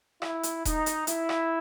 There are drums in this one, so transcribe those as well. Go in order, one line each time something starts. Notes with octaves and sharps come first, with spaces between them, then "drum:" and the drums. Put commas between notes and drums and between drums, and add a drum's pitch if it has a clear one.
E4, drum: rim click
drum: hi-hat
D#4, drum: kick D#1, hi-hat
drum: hi-hat
E4, drum: hi-hat
drum: rim click